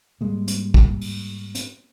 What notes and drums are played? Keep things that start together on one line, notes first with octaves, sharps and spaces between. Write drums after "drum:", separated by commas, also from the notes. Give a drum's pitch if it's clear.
G#2 G3 G#3 A#3
drum: hi-hat
drum: kick
drum: open hi-hat
drum: hi-hat